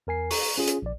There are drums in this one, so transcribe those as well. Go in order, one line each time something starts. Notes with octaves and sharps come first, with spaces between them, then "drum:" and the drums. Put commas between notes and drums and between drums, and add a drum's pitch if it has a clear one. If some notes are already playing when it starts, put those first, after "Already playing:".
E2 A#4 G#5 C7
A#5 C#6, drum: open hi-hat
C#4 F4 G#4
drum: hi-hat
A#1 D5